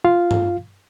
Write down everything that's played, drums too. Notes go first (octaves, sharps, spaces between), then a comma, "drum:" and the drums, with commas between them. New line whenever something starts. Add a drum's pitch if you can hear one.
F4 F5
drum: tom G2